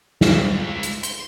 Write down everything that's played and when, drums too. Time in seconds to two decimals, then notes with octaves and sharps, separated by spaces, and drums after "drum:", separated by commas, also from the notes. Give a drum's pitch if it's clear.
0.21 G2 D#3, drum: snare
0.51 G#3 F4
0.83 drum: hi-hat
1.03 C6, drum: hi-hat